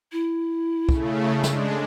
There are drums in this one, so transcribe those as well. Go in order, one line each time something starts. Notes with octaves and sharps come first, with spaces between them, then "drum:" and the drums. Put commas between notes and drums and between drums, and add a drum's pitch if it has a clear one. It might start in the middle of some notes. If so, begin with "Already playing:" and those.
E4
C#3 A3, drum: kick
G#3 D4, drum: snare